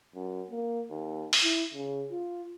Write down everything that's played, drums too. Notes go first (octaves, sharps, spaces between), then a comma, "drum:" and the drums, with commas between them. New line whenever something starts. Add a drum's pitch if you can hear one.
F#2
A#3
D#2
drum: open hi-hat
E4
C#3
F4